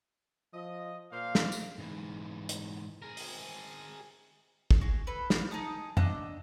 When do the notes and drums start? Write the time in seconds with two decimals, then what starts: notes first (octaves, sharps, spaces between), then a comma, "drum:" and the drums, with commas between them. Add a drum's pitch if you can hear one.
0.54 F3 D#5
1.12 A#2 A#3 C5 F5
1.35 drum: snare
1.52 drum: tambourine
1.79 G#2 E3
2.49 drum: hi-hat
3.02 G#4 A#4
3.17 drum: open hi-hat
4.71 drum: kick
4.81 F#4 G#4
5.07 A4 B4
5.30 F5, drum: snare
5.51 D#4 G#5 A5 D#6
5.97 D4 D#5 E5 F#6, drum: tom F2